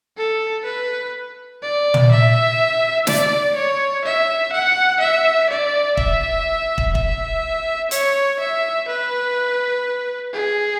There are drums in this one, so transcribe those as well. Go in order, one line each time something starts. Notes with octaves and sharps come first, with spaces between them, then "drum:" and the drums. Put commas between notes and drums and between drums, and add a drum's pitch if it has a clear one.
A4
B4
D5
drum: tom
E5
D5, drum: snare
C#5
E5
F#5
E5
D5
E5, drum: kick
drum: kick
E5, drum: kick
C#5, drum: hi-hat
E5
B4
G#4